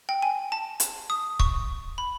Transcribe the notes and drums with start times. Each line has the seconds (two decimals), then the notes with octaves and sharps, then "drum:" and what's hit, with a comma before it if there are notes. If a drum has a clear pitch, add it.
0.09 G5
0.22 G#5
0.52 A5
0.80 drum: hi-hat
1.10 D#6
1.40 C#6, drum: kick C#1
1.98 B5